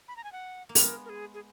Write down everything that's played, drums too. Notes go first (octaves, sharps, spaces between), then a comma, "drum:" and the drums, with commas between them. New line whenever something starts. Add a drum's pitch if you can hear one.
B5
A#5
G#5
F#5
A#3
G#3 B3 A#4, drum: open hi-hat
A#4
G#4
G#4